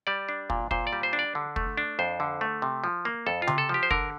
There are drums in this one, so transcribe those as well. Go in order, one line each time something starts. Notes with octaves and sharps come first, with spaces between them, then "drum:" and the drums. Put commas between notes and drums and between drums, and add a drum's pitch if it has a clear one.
G3 D5
D4
A#2, drum: kick
A#2 C5, drum: kick
D5
G3
C5
D4
D5
D3
A3, drum: kick
D4
F2 C5
D3
A3
C3
F3
A#3
F2 A4
F4
C3, drum: tom C#3
A4
F3 G4
C5
D3 A#4, drum: kick